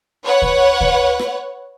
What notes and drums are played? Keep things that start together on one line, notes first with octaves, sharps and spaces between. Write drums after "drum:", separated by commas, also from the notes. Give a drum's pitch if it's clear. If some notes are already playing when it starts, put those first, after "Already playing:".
B4 C#5 F#5
drum: kick D2
drum: kick D2
drum: rim click